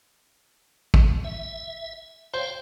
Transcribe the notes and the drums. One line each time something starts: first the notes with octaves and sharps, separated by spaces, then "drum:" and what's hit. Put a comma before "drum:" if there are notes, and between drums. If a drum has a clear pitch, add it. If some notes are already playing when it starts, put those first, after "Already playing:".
drum: kick
E5
C5 C#5 F5 G5